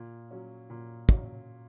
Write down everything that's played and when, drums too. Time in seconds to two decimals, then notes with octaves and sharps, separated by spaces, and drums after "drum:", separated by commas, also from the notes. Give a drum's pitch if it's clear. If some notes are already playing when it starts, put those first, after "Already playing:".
Already playing: A#2
0.31 F#3 C#4
0.70 A#2
1.09 F#3 C#4, drum: kick